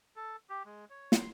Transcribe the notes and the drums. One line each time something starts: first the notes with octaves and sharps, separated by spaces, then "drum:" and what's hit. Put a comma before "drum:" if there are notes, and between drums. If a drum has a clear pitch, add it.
A4
G4
G#3
C#5
C6, drum: snare